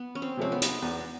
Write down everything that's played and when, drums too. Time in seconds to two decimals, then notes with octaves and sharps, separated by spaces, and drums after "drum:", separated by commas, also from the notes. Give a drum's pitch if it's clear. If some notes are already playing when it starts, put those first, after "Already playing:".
Already playing: B3
0.15 C#4
0.22 C4
0.37 C3 F3 G#3 C4 C#4
0.52 B3
0.62 drum: hi-hat
0.82 E2